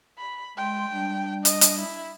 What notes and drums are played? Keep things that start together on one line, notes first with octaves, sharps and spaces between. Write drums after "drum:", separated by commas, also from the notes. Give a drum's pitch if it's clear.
B5
G#3 G5 C6
G3 D4
D#5, drum: hi-hat
drum: hi-hat
E4